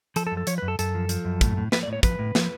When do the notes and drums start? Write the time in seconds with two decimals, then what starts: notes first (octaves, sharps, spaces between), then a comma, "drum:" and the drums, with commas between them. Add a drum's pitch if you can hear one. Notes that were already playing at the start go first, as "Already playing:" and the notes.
0.16 F3 A4, drum: hi-hat
0.27 A4
0.31 F#2
0.37 A4
0.47 F3 C#5, drum: hi-hat
0.58 B4
0.62 F#2
0.68 A4
0.79 F#2 A4, drum: hi-hat
0.95 F3
1.09 F3, drum: hi-hat
1.25 F#2
1.41 A2, drum: kick, hi-hat
1.57 A2
1.72 F3 B4, drum: snare
1.83 D5
1.87 A2
1.93 C#5
2.03 F3 B4, drum: kick, hi-hat
2.19 A2
2.35 F3, drum: snare